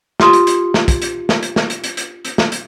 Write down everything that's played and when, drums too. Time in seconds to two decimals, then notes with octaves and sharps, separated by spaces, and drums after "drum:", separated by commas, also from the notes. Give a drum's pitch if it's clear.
0.20 F4 G4 C6 D#6, drum: snare
0.33 drum: hi-hat
0.47 drum: hi-hat
0.74 drum: snare
0.88 drum: kick, hi-hat
1.02 drum: hi-hat
1.29 drum: snare
1.43 drum: hi-hat
1.56 drum: snare
1.70 drum: hi-hat
1.84 drum: hi-hat
1.97 drum: hi-hat
2.25 drum: hi-hat
2.38 drum: snare
2.52 drum: hi-hat